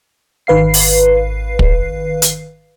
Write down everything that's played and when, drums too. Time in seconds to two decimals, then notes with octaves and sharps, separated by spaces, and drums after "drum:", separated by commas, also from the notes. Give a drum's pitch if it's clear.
0.47 G#1 D#3 B4 F5 C7
0.74 drum: open hi-hat
1.59 drum: kick
2.22 drum: hi-hat